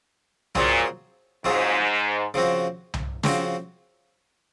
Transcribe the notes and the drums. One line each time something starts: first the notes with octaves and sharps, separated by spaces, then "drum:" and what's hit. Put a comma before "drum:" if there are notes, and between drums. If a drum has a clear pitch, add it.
A#2 F#3 C4 F4 G#4, drum: tom C2
G#2 F#3 C4 F4 G#4
C#3 F3 C4 F#4
drum: tom C2
C#3 F3 C4 F#4, drum: snare